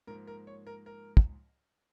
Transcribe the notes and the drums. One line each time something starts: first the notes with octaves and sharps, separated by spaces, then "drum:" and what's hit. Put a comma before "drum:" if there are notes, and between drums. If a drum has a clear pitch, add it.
G#2 F3 A#3 A#4
A#4
C#5
A#4
A#4
drum: kick